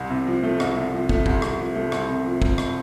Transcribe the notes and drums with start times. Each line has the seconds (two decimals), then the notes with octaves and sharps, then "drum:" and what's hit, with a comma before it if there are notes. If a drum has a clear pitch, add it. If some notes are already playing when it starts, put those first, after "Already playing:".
Already playing: C2
0.10 C3
0.27 F3
0.43 A3
0.60 C2, drum: rim click
0.77 C3
0.94 F3
1.09 A3, drum: kick
1.26 C2, drum: kick
1.42 C3, drum: rim click
1.59 F3
1.76 A3
1.92 C2, drum: rim click
2.09 C3
2.25 F3
2.42 A3, drum: kick
2.58 drum: rim click